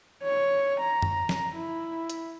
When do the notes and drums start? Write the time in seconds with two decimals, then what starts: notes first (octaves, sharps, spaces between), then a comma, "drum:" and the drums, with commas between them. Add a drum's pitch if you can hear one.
0.23 C#5
0.79 A#5
1.02 drum: tom F#2
1.29 drum: snare
1.56 E4
2.09 drum: hi-hat